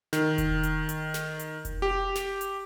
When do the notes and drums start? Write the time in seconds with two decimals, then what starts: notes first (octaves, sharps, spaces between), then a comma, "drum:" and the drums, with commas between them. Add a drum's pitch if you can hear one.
0.13 D#3, drum: snare
0.38 drum: kick F1, hi-hat
0.63 drum: hi-hat
0.89 drum: hi-hat
1.14 drum: snare
1.39 drum: hi-hat
1.65 drum: kick F1, hi-hat
1.82 G4
2.15 drum: snare
2.41 drum: hi-hat